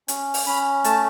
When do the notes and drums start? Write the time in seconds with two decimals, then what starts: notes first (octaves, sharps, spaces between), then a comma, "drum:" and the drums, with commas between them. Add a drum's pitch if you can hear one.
0.08 C#4, drum: hi-hat
0.34 drum: open hi-hat
0.47 C#4 B5
0.84 A3 A5, drum: hi-hat